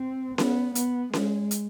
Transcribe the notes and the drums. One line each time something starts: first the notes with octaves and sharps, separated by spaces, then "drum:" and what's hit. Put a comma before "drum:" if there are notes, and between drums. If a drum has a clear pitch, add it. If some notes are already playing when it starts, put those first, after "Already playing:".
Already playing: C4
B3, drum: snare C#4
B3, drum: hi-hat
G#3, drum: snare C#4
drum: hi-hat